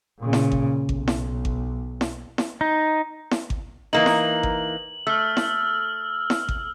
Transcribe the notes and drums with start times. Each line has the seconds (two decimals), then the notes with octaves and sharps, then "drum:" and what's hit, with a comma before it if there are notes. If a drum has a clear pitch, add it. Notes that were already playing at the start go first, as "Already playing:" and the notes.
0.20 A#2 C#3
0.33 drum: snare E4
0.52 drum: kick G#1
0.89 B1, drum: kick G#1
1.08 drum: snare E4
1.45 drum: kick G#1
2.01 drum: snare E4
2.38 drum: snare E4
2.61 D#4
3.31 drum: snare E4
3.50 drum: kick G#1
3.93 E3 A#3 D#4 F#7
4.06 drum: snare E4
4.43 drum: kick G#1
5.07 A3 E6 F6
5.37 drum: snare E4
6.30 drum: snare E4
6.49 drum: kick G#1